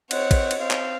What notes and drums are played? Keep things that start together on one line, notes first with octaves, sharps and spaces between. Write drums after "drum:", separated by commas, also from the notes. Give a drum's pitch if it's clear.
C4 C#5 D#5 F#5, drum: cymbal
drum: kick, cymbal
drum: cymbal
C4 F5
drum: clap